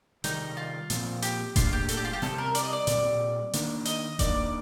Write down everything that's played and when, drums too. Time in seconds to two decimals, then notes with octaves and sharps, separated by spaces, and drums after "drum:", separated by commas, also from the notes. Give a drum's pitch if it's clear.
0.24 C3 D#3 G3 D#4, drum: hi-hat
0.57 F4
0.90 A#2 F3 C4, drum: hi-hat
1.22 G4, drum: hi-hat
1.56 A2 G3 A#3 D4 F4, drum: kick E1, hi-hat
1.73 G4
1.89 A4, drum: hi-hat
1.97 G4
2.05 F4
2.13 G4
2.22 C3 G3 C4 A4, drum: snare
2.38 A#4
2.55 D5, drum: hi-hat
2.63 D#5
2.73 D5
2.87 A#2 G3 C4, drum: hi-hat
3.53 D#3 A#3 D4, drum: hi-hat
3.85 D#5, drum: hi-hat
4.19 D#3 A#3 D4 D5, drum: kick E1, hi-hat